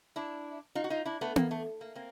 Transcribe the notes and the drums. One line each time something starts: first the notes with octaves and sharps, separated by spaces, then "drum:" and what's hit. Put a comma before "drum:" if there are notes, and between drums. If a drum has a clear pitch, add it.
D4 E4
D#4 F4
F#4
D#4 F4
D4 E4
A3 B3
A#3, drum: tom B3
A3
A#3
A#3 C4